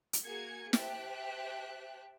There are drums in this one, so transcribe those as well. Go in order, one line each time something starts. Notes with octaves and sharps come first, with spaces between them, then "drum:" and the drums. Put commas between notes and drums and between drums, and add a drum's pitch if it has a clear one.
drum: hi-hat
A#3 F#4 G#4 G#5 G#6 C#7
G4 C5 E5 G5 A5 F#6, drum: snare